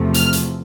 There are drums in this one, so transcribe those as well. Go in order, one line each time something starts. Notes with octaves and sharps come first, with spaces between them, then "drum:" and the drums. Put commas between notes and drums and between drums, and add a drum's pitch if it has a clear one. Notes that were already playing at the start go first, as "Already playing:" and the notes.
Already playing: E2 C3 F3 A3
F6, drum: hi-hat
drum: hi-hat